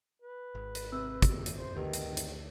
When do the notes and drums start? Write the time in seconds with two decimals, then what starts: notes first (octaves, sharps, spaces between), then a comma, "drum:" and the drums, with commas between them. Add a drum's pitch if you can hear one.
0.22 B4
0.55 G#1
0.75 B6, drum: hi-hat
0.92 C3 E6
1.22 drum: kick, hi-hat
1.46 drum: hi-hat
1.58 C5
1.77 D2 D#3 G4 B4
1.93 drum: hi-hat
2.17 drum: hi-hat